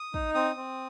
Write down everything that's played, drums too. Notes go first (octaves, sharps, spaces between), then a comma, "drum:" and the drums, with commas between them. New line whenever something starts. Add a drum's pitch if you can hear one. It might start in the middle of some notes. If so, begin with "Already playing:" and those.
Already playing: D#6
D#4, drum: kick
C4 D#6
C4